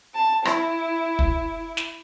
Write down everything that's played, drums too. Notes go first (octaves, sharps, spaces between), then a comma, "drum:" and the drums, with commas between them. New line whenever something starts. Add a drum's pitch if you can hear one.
A5
E4, drum: rim click
drum: kick
drum: snare